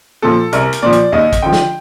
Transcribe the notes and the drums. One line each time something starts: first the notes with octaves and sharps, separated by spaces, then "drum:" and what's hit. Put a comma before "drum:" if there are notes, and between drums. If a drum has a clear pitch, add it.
A#2 F3 A4
C2 A#4, drum: hi-hat
drum: hi-hat
A#2 F3 D5
drum: hi-hat
D#2 D#5
drum: kick, hi-hat
D3 F3 G5
drum: snare